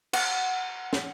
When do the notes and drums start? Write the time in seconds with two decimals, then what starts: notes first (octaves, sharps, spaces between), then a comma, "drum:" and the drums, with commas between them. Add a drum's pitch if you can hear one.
0.13 F#5, drum: cymbal
0.93 drum: snare